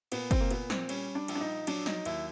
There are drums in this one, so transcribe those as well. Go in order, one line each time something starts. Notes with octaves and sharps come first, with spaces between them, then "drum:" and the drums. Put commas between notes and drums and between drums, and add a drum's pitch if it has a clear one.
A#2 B3, drum: cymbal
C4, drum: kick, cymbal
A#3
A#2 B3, drum: cymbal
C4, drum: snare
G3 C#4, drum: cymbal
D4
A#1, drum: cymbal
D4
D#4
F#3 D4, drum: cymbal
D#4, drum: snare
D#2 E4, drum: cymbal